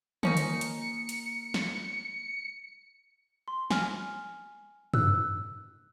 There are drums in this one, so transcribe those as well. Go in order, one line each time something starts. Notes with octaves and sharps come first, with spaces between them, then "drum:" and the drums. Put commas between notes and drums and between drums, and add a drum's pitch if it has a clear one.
F3 A#3 C#4 D#4 C#7, drum: tom
drum: hi-hat
drum: hi-hat
drum: hi-hat
drum: snare
C6
G#5 F6, drum: snare
E6 F#6, drum: tom